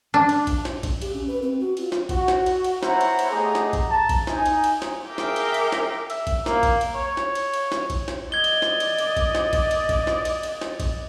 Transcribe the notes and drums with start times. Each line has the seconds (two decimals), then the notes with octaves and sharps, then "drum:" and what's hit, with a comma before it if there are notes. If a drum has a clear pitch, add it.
0.14 D4
0.29 drum: cymbal
0.47 drum: kick A#1, cymbal
0.65 drum: snare
0.83 drum: kick A#1, cymbal
1.02 G4, drum: cymbal
1.14 C#4
1.28 B4
1.42 C4
1.60 F#4
1.77 F4, drum: cymbal
1.92 drum: snare
2.09 F#4, drum: kick A#1, cymbal
2.28 drum: snare
2.46 drum: cymbal
2.64 drum: cymbal
2.83 B3 E4 C5 C#5 F#5 A#5, drum: snare
3.01 drum: cymbal
3.19 drum: cymbal
3.31 A3 G4 G#4 D#5 F#5 A#5
3.55 drum: snare
3.73 drum: kick A#1, cymbal
3.90 A5 A#5
4.09 drum: kick A#1, cymbal
4.27 D#4 G#5, drum: snare
4.46 drum: cymbal
4.64 drum: cymbal
4.82 drum: snare
5.08 G#4 A#4 E5 F5 G5 D6
5.18 drum: snare
5.36 drum: cymbal
5.54 drum: cymbal
5.72 drum: snare
6.10 E5, drum: cymbal
6.27 drum: kick A#1, cymbal
6.46 A#3, drum: snare
6.63 drum: kick A#1, cymbal
6.81 drum: cymbal
6.95 C#5
7.17 drum: snare
7.35 drum: cymbal
7.54 drum: cymbal
7.72 drum: snare
7.90 drum: kick A#1, cymbal
8.08 drum: snare
8.32 D5 D#5 G#6 G7
8.44 drum: cymbal
8.62 drum: snare
8.80 drum: cymbal
8.98 drum: cymbal
9.17 drum: kick A#1, cymbal
9.35 drum: snare
9.53 drum: kick A#1, cymbal
9.71 drum: cymbal
9.89 drum: kick A#1, cymbal
10.07 drum: snare
10.25 drum: cymbal
10.43 drum: cymbal
10.61 drum: snare
10.80 drum: kick A#1, cymbal